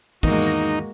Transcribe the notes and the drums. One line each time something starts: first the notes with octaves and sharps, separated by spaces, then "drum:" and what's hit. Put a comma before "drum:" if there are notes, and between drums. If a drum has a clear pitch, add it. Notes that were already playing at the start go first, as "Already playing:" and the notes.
E2 G#2 D#3 G#3 A#3 D#4 F#4, drum: kick
drum: tambourine